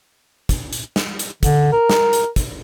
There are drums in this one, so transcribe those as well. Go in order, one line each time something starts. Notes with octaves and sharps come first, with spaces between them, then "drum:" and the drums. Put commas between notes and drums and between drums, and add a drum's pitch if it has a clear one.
drum: kick, hi-hat
drum: hi-hat
drum: snare
drum: hi-hat
D3, drum: kick, hi-hat
A#4
drum: snare
drum: hi-hat
drum: kick, hi-hat